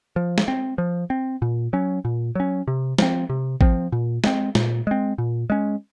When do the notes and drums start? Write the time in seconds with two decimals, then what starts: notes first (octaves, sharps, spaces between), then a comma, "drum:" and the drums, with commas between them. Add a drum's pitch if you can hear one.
0.16 F3
0.38 drum: snare
0.48 C4
0.78 F3
1.10 C4
1.42 A#2
1.73 F#3 C#4
2.05 A#2
2.35 F#3 C#4
2.68 C3
2.98 F3 C4, drum: snare
3.30 C3
3.61 F3 C4, drum: kick A1
3.92 A#2
4.24 G#3 C4, drum: snare
4.55 A#2, drum: snare
4.87 G#3 C4
5.18 A#2
5.50 G#3 C#4